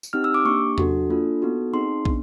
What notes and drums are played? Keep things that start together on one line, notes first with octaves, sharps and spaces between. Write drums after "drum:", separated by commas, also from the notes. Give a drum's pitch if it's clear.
drum: tambourine
C4 D#4 G4 F6
E6
D6
A#3 D4 G4 C#6
D4 F#4 A4, drum: tom E2
A#3 D4 F4 A4
B3 D#4 F#4 A4
C4 D#4 G#4 C6
B3 D4, drum: kick